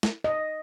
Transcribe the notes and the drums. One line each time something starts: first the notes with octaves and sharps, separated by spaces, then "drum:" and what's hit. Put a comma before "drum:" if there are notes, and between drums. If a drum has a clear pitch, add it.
drum: snare
D#5